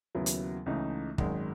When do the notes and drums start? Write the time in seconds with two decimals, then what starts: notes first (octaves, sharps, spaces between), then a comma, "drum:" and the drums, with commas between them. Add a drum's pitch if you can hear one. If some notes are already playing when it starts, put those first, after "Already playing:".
0.15 D#2 C#3 F#3 B3 E4
0.26 drum: hi-hat
0.66 C#2 C#3 E3 A3 D#4
1.18 G#1 F#2 D#3 G#3, drum: kick